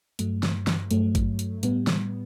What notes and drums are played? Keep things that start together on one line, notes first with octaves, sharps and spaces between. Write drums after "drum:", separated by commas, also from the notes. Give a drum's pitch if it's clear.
G2 F#3 A3, drum: hi-hat
drum: snare
drum: snare
G2 F#3 A3, drum: hi-hat
drum: kick G#1, hi-hat
drum: hi-hat
A2 G3 B3, drum: hi-hat
drum: snare